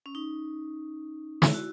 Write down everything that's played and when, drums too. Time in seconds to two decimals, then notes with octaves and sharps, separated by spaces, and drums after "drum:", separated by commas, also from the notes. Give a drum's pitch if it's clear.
0.06 C#4
0.15 D#4
1.42 E4, drum: snare
1.54 F#4